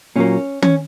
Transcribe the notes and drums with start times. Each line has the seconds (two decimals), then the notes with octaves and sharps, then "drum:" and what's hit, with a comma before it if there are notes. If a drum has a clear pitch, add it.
0.16 A#2 F#3 A#3 C#4
0.62 C#4, drum: tom